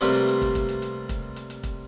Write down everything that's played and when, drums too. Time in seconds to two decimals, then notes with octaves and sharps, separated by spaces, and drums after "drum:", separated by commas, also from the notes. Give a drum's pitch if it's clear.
0.01 C3 G3 A3 A#3 C4 B4
0.14 drum: hi-hat
0.28 drum: hi-hat
0.42 drum: kick, hi-hat
0.55 drum: kick, hi-hat
0.69 drum: hi-hat
0.82 drum: hi-hat
1.09 drum: kick, hi-hat
1.36 drum: hi-hat
1.50 drum: hi-hat
1.63 drum: kick, hi-hat